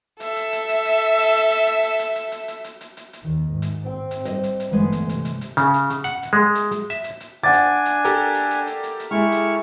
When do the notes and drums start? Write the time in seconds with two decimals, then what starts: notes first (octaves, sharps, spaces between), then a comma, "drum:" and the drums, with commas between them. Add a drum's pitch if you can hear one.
0.20 A4 E5, drum: hi-hat
0.36 drum: hi-hat
0.53 drum: hi-hat
0.69 drum: hi-hat
0.85 drum: hi-hat
1.18 drum: hi-hat
1.34 drum: hi-hat
1.50 drum: hi-hat
1.67 drum: hi-hat
1.83 drum: hi-hat
1.99 drum: hi-hat
2.16 drum: hi-hat
2.32 drum: hi-hat
2.48 drum: hi-hat
2.64 drum: hi-hat
2.81 drum: hi-hat
2.97 drum: hi-hat
3.13 drum: hi-hat
3.23 D#2 D#3
3.52 G#2
3.62 drum: hi-hat
3.86 C4 G5
4.11 drum: hi-hat
4.25 G3 C5 D#5, drum: hi-hat
4.44 drum: hi-hat
4.60 drum: hi-hat
4.71 G1 E3 G#3 A3 B3
4.92 drum: hi-hat
5.09 C3, drum: hi-hat
5.25 drum: hi-hat
5.41 drum: hi-hat
5.57 C#3, drum: hi-hat
5.74 drum: hi-hat
5.90 drum: hi-hat
6.04 F#5, drum: hi-hat
6.23 drum: hi-hat
6.33 G#3
6.55 drum: hi-hat
6.71 drum: hi-hat
6.90 E5, drum: hi-hat
7.04 drum: hi-hat
7.20 drum: hi-hat
7.44 D4 F#5 G#5 D6 A6
7.53 drum: hi-hat
7.85 drum: hi-hat
8.04 G4 A4 A#4, drum: hi-hat
8.34 drum: hi-hat
8.51 drum: hi-hat
8.67 drum: hi-hat
8.83 drum: hi-hat
8.99 drum: hi-hat
9.11 G#3 E4 C#6 F6
9.32 drum: hi-hat